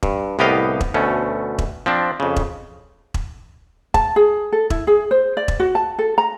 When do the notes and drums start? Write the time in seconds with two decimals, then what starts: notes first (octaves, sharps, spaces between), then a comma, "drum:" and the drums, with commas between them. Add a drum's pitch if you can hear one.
0.03 G2, drum: kick E1
0.39 C2 A2 B3 G4 D#5 F5
0.81 drum: kick E1
0.94 D2 B2 A3 C#4
1.58 drum: kick E1
1.86 F3 C4 D4
2.20 F2 C#3
2.36 drum: kick E1
3.14 drum: kick E1
3.94 A5, drum: kick E1
4.16 G#4
4.52 A4
4.70 E4, drum: kick E1
4.87 G#4
5.11 C5
5.37 D5
5.48 drum: kick E1
5.60 F#4
5.75 A5
5.99 A4
6.18 A#5